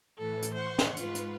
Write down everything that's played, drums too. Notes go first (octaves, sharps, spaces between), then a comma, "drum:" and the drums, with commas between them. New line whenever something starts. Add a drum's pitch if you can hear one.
A2 E3 A4
drum: hi-hat
C5 F#5 C6 C#6
drum: snare
G#2 F4 B4, drum: hi-hat
drum: hi-hat